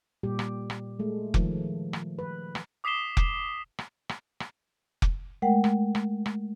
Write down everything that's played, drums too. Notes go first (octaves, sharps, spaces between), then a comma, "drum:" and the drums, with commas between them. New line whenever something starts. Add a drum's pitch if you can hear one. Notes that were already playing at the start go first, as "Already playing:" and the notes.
A#2 G3 G4
drum: rim click
drum: rim click
G#3 A3
D#3 F3, drum: kick F1
drum: rim click
B4
drum: rim click
D6 D#6 B6 C7 E7 G7
drum: kick F1
drum: rim click
drum: rim click
drum: rim click
drum: kick F1
G#3 A3 A#4 F#5 G5
drum: rim click
drum: rim click
drum: rim click